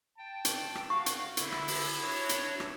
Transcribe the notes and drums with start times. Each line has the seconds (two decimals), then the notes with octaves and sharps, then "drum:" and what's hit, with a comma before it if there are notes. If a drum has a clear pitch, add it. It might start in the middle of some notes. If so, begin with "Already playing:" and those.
0.18 G5 A5
0.45 drum: hi-hat
0.75 drum: rim click
0.90 F#4 F5 C#6
1.06 drum: hi-hat
1.37 D3 E4, drum: hi-hat
1.52 drum: rim click
1.68 drum: open hi-hat
2.02 D4 F#4 C#5
2.29 drum: hi-hat
2.60 drum: rim click